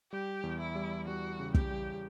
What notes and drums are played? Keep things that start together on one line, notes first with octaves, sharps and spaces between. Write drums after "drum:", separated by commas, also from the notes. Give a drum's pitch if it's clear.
G3 G4
E2
E4
G3
G3 F#4
C#3
G4, drum: kick
G3